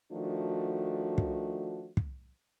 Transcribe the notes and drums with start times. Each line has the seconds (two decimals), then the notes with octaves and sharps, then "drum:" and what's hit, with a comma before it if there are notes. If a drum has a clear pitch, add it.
0.12 D#3 F3 A3 D4 F#4
1.18 drum: kick
1.97 drum: kick